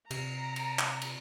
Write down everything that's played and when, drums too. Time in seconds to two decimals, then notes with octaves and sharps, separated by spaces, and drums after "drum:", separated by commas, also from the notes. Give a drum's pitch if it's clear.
0.11 C3 A#5, drum: cymbal
0.56 drum: cymbal
0.79 drum: clap
1.02 drum: cymbal